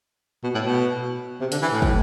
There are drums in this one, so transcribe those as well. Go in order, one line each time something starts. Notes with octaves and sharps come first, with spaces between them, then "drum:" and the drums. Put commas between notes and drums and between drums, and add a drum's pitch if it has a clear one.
B2
A2
B2
C3
D3, drum: hi-hat
E3
A2
drum: kick